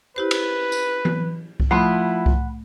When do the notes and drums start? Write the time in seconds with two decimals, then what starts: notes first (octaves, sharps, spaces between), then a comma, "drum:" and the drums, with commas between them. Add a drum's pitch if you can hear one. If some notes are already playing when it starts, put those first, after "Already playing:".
0.16 E4 G4 B4 C5
0.31 drum: cymbal
0.72 drum: tambourine
1.05 drum: tom E3
1.60 drum: kick C2
1.71 F3 A3 E4 F#5 B5 C6
2.26 drum: kick C2